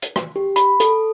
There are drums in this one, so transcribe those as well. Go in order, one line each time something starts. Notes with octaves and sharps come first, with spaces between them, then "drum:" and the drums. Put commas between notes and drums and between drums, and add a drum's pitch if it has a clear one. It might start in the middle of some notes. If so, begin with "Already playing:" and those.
drum: hi-hat
drum: rim click
G4
B5, drum: hi-hat
A4, drum: hi-hat